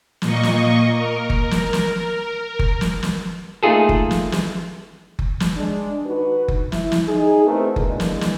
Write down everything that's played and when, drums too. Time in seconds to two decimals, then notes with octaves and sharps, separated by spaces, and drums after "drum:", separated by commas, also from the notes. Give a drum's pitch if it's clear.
0.22 A#2 A#3 D#5 C#6, drum: snare
0.43 drum: snare
0.96 A#4
1.30 drum: kick F#1
1.51 drum: snare
1.73 drum: snare
2.59 drum: kick F#1
2.81 drum: snare
3.03 drum: snare
3.63 A3 A#3 D#4 F4 G#4 A4
3.89 drum: kick F#1
4.11 drum: snare
4.32 drum: snare
5.19 drum: kick F#1
5.40 drum: snare
5.56 G#3 D4
6.05 D#3 D#4 F#4 B4
6.48 drum: kick F#1
6.72 E4, drum: snare
6.92 drum: snare
7.08 D#4 G#4
7.43 A3 B3 C4 E4 F#4 A#4
7.76 B2 E3 G#3 A#3 D4 G#4, drum: kick F#1
8.00 drum: snare
8.21 drum: snare